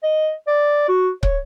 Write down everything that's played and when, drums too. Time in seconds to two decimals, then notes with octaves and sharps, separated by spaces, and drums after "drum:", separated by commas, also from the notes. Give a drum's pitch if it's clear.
0.03 D#5
0.47 D5
0.89 F#4
1.23 C#5, drum: kick